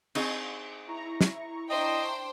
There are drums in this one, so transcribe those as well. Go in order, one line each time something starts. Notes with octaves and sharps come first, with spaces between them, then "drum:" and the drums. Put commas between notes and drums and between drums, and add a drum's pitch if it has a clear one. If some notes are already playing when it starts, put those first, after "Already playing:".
C4 D#4 G#4, drum: cymbal
E4 A#5 C#6
drum: snare
D4 C5 D#5 G5